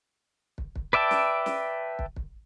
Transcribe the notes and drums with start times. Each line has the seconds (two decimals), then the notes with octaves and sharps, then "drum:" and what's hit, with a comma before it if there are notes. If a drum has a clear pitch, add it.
0.58 drum: kick
0.76 drum: kick
0.93 B4 D5 E5 G5 A5
1.11 drum: snare
1.46 drum: snare
1.99 drum: kick
2.16 drum: kick